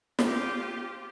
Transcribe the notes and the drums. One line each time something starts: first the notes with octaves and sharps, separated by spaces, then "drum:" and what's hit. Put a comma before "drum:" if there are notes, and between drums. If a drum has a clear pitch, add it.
F4 G4, drum: snare